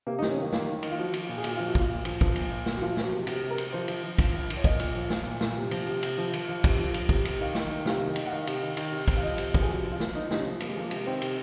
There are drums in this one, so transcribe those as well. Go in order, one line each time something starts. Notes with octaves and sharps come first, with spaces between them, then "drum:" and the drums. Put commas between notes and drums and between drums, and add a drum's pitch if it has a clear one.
C3 A#3
D#4
C3, drum: snare
C#4
D#3 A#3
D#3 A#3, drum: snare
D#3
D#3, drum: cymbal
F4
F3 F#4
F3, drum: cymbal
A#2
G#4
A#2 F#4, drum: cymbal
F4
F3
F#4
A#2 F4, drum: kick
A#2
F3, drum: cymbal
F3, drum: kick
A#2, drum: cymbal
A#2
A#2, drum: snare
F#4
F3 F4
F3, drum: snare
F#4
C3
C3 F#4, drum: cymbal
C3
A#4
C3, drum: cymbal
F3 C5
F3, drum: cymbal
F3
F3, drum: kick, cymbal
F3
F3, drum: cymbal
C#5
A#2 D#5, drum: kick
A#2, drum: cymbal
F3
F3 F5, drum: snare
A#2
A#2, drum: snare
C3
F3, drum: cymbal
C3
C3, drum: cymbal
F3
F3, drum: cymbal
F3 F5
C3, drum: kick, cymbal
F3
F3, drum: cymbal
C3, drum: kick
C3, drum: cymbal
D#3 F5
D#3, drum: snare
D#3
C3 F5, drum: snare
D#3
D#3, drum: cymbal
F#5
D#3 F5
C3, drum: cymbal
D#3
D#3, drum: cymbal
C3
C3, drum: kick, cymbal
F5
F3 D#5
C3, drum: cymbal
F3, drum: kick
G#4
C3 F#4
F3
F4
F3, drum: snare
F3 D#4
C3 D#4, drum: snare
C#4
F3
C3 A#3, drum: cymbal
G#3
F3 A#3
C3, drum: cymbal
D#3 C4
C3, drum: cymbal